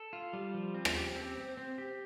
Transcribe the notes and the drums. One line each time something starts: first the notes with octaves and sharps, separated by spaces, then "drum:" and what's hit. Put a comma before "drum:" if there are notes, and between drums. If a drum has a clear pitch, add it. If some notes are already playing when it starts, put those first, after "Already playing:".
Already playing: A4
F4
G3
F3
C4
drum: rim click
G4
C4
C4
C4
G4